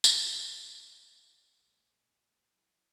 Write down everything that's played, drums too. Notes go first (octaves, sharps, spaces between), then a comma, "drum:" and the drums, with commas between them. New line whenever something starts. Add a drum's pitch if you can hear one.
drum: tambourine
D#3 G3 G4
G#3 D5 E5 F5
F#4 G4 C#5
A#1 F#2 G#3 G#4 F#5 D6
D#5
F#3 E4